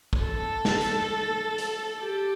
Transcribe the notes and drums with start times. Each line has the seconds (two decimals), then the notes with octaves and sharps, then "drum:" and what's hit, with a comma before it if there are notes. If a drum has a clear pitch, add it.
0.13 drum: kick
0.24 A4
0.65 drum: snare
0.81 drum: hi-hat
1.58 drum: hi-hat
2.02 G4